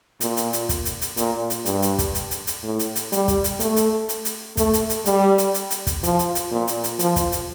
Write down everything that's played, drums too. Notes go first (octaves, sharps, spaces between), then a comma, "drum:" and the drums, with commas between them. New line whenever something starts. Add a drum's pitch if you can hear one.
A#2, drum: hi-hat
drum: hi-hat
drum: hi-hat
drum: kick, hi-hat
drum: hi-hat
drum: hi-hat
A#2, drum: hi-hat
drum: hi-hat
G2, drum: hi-hat
drum: hi-hat
drum: kick, hi-hat
drum: hi-hat
drum: hi-hat
drum: hi-hat
A2
drum: hi-hat
drum: hi-hat
G3, drum: hi-hat
drum: kick, hi-hat
drum: hi-hat
A3, drum: hi-hat
drum: hi-hat
drum: hi-hat
drum: hi-hat
A3, drum: kick, hi-hat
drum: hi-hat
drum: hi-hat
G3, drum: hi-hat
drum: hi-hat
drum: hi-hat
drum: hi-hat
drum: kick, hi-hat
F3, drum: hi-hat
drum: hi-hat
drum: hi-hat
A#2
drum: hi-hat
drum: hi-hat
F3, drum: hi-hat
drum: kick, hi-hat
drum: hi-hat